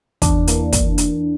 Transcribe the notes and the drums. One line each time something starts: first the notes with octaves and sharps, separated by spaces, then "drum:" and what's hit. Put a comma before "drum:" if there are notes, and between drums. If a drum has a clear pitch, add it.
E2 D4, drum: kick, hi-hat
E3 A#3, drum: hi-hat
drum: kick, hi-hat
drum: hi-hat